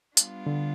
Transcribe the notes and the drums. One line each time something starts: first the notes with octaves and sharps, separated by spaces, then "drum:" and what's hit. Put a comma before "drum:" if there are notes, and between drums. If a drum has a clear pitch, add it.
G3 B3 D4 F4, drum: hi-hat
D3